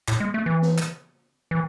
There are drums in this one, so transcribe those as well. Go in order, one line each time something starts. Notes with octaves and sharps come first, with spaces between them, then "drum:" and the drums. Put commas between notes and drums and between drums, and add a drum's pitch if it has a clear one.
A2, drum: clap
G#3
A3
E3
drum: snare
drum: clap
E3